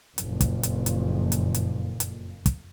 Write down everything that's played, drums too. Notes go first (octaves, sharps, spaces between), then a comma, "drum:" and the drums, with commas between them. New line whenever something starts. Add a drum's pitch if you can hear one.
F#1 F2 A#2, drum: hi-hat
drum: kick, hi-hat
drum: hi-hat
drum: hi-hat
drum: hi-hat
drum: hi-hat
drum: hi-hat
drum: kick, hi-hat